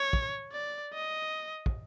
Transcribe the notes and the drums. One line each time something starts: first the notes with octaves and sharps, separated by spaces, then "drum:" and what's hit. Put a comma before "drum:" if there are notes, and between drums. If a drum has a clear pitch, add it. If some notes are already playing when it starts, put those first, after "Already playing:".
Already playing: C#5
drum: kick
D5
D#5
drum: kick